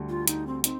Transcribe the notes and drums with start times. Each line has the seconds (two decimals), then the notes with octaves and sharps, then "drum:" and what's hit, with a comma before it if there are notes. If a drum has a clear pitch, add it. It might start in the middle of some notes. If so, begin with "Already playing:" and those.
Already playing: D2 D3 G3
0.09 F4
0.28 D#4, drum: hi-hat
0.47 C4
0.64 C4 D#4, drum: hi-hat